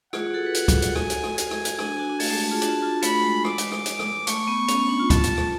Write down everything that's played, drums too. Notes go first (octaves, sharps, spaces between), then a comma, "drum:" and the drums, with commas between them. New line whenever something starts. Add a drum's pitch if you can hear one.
F4 G#4 F#5, drum: rim click
F#4 A4
B4
F#4 A4, drum: hi-hat
drum: kick C#2, hi-hat
drum: hi-hat
G#5, drum: rim click
drum: hi-hat
drum: rim click
G#5, drum: hi-hat
drum: rim click
drum: hi-hat
D4 G#5, drum: rim click
D4
D4 F#4
D4
A3 A5, drum: open hi-hat
G#3
A3
F4 G#4
D4 F#4, drum: hi-hat
F4
A3 B5, drum: hi-hat
G#3
G#3 D6, drum: rim click
drum: hi-hat
drum: rim click
drum: hi-hat
drum: rim click
A3 C#6, drum: hi-hat
B3
C#4, drum: hi-hat
D4
F4
A5, drum: kick C#2, hi-hat
drum: hi-hat
drum: rim click